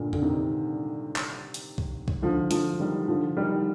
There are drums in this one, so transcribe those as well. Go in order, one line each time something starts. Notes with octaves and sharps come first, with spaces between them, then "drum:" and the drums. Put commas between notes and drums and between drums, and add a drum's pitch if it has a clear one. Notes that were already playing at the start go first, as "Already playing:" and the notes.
Already playing: G2 A#2 D3
D3, drum: tom F2
C3 D#3
drum: clap
drum: hi-hat
drum: kick
drum: kick
D3 F3
D3 F3, drum: hi-hat
D#3 G3
D3 F3
D#3 G3